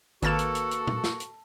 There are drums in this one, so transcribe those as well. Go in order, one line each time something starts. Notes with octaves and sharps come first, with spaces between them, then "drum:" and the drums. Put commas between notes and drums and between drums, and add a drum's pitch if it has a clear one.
G#1 A#3 F#4 A4 B4 A5 A6 E7, drum: hi-hat
drum: hi-hat
drum: hi-hat
drum: hi-hat
drum: tom
drum: snare
drum: hi-hat